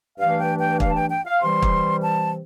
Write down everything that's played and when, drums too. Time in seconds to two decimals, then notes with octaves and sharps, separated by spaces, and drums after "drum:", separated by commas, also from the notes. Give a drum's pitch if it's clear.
0.19 G2 E3 A3 D4 F5
0.40 G5
0.59 G5
0.80 F5, drum: kick
0.91 A5
0.96 G5
1.11 G5
1.26 F5
1.41 C3 E3 G3 C6
1.62 drum: kick
2.03 A5